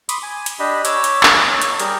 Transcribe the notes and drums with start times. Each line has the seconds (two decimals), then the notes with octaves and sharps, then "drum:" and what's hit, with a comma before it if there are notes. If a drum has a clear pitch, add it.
0.09 B5 C6 D6 D#6, drum: hi-hat
0.23 G#5
0.46 drum: hi-hat
0.59 D4 G4 D#5 B5
0.85 C#5 D6 E6, drum: hi-hat
1.04 drum: hi-hat
1.23 drum: clap
1.49 C#5
1.61 drum: hi-hat
1.79 G3 G4 G#4 A#4, drum: hi-hat